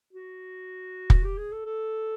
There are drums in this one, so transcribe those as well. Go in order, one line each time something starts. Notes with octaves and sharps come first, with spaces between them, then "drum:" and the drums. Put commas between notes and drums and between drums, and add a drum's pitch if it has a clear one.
F#4
drum: kick
G4
G#4
A4
A4